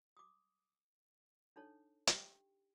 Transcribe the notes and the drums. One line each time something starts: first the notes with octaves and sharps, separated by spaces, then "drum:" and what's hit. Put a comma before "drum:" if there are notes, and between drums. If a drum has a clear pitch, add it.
D6 D#6
D4 D#4 A4 C#5
G4 G5, drum: hi-hat